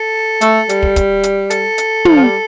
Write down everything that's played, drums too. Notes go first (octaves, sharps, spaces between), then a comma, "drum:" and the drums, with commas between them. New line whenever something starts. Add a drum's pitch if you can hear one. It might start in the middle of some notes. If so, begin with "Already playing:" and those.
Already playing: A4
A3, drum: hi-hat
G3, drum: hi-hat
drum: kick
drum: kick, hi-hat
drum: hi-hat
A4, drum: hi-hat
drum: hi-hat
F3, drum: tom
F3
G3